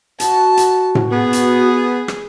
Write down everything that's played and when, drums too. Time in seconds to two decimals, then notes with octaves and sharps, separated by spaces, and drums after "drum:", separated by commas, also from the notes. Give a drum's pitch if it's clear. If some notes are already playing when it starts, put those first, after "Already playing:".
0.20 F#4 A5, drum: hi-hat
0.57 drum: hi-hat
0.95 drum: tom A2
1.12 B3 G#4
1.33 drum: hi-hat
2.08 drum: rim click